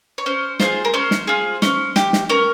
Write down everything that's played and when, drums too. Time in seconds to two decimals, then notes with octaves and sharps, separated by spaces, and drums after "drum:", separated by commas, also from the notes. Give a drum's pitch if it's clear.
0.18 C#5
0.26 C#4 C5
0.60 F4 G#4 C5, drum: snare
0.85 A#4
0.94 C#4 C5
1.11 drum: snare
1.27 F4 G#4
1.62 C#4, drum: snare
1.96 G4, drum: snare
2.13 drum: snare
2.29 C#4 A#4